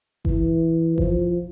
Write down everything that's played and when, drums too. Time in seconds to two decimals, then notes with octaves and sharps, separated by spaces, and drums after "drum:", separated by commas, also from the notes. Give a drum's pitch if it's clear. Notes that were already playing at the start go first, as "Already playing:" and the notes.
0.25 E3, drum: kick G1
0.98 F3, drum: kick G1